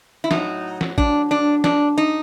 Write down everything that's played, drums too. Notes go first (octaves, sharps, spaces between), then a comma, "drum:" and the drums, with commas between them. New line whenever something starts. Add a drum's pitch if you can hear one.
E4
A2 F#3 D#4, drum: snare
drum: snare
D4, drum: kick A1
D4
D4, drum: snare
D#4